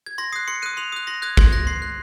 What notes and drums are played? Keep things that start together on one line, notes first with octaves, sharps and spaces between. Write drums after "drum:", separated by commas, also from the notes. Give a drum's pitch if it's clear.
G#6
C6 A#6
D#6 F#6 C7
C6 C#7
D#6 F#6 D#7
C6 F7
D#6 F#6
C6 A#6
D#6 F#6 G#6
C6 G#6, drum: kick G1
F#6 A#6
C6 C7
F#6